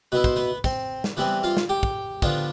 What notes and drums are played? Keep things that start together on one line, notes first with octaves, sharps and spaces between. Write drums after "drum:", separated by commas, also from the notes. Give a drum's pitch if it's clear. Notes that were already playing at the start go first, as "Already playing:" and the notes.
B2 B3 E4 B4
C5, drum: kick
B3 B4
C4 C5, drum: kick
drum: snare
E3 G3 B3 C4 B4
F4 F5
drum: snare
G4 G5
drum: kick
D3 F3 B3 D4 F4, drum: kick